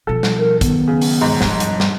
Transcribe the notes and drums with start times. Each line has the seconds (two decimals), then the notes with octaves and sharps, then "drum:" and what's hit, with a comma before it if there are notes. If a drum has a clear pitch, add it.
0.07 B2 F3 A4
0.23 drum: snare
0.39 A#4
0.61 D#3 F#3 B3, drum: kick, hi-hat
0.87 C#3
1.01 drum: open hi-hat
1.21 E1 G#2
1.41 G2 F3, drum: snare
1.60 drum: hi-hat
1.80 drum: snare